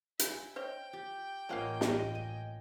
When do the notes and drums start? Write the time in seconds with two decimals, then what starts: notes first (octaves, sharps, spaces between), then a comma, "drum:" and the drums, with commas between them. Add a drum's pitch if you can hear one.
0.19 E5 G#5, drum: hi-hat
0.56 C5 C#5 D#5 G5
0.93 G4
1.49 A1 A#3 C#4 F4 D#5 F5 F#5 A5
1.81 drum: snare
2.15 G#5